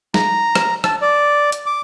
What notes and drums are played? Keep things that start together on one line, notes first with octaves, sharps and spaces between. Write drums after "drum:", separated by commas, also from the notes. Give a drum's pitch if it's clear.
A#5, drum: snare
drum: rim click
A5, drum: rim click
D5
drum: hi-hat
D6